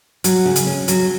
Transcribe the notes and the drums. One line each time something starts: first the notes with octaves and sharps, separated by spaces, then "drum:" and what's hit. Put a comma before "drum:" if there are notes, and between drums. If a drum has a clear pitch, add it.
F#3, drum: hi-hat
C#3
drum: hi-hat
C#4
F#3, drum: hi-hat